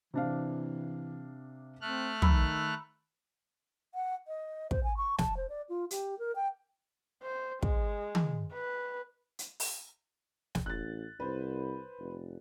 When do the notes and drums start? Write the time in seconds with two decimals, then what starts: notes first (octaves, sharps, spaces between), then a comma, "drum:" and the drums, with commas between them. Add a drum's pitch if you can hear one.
0.14 C3 E3 D4 F5
1.81 A3 C4 F6 F#6
2.22 D#3 A#5 B5 E6, drum: tom
3.95 F#5
4.28 D#5
4.71 C5, drum: kick
4.84 G#5
4.97 C#6
5.19 A5, drum: snare
5.37 C5
5.49 D5
5.69 F4
5.91 G4, drum: hi-hat
6.19 A#4
6.36 G5
7.23 C5
7.63 G#3, drum: kick
8.15 drum: tom D#3
8.53 B4
9.39 drum: hi-hat
9.60 drum: open hi-hat
10.55 drum: snare
10.66 A1 F#6 A6
11.20 C2 B4 C5
12.00 F1